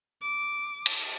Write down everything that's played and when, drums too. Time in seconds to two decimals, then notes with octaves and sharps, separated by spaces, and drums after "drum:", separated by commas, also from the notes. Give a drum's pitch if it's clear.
0.22 D6
0.86 drum: cymbal